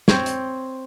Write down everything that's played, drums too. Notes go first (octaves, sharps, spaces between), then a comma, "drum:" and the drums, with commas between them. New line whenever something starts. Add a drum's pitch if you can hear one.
C4 C5 C#5, drum: snare
drum: hi-hat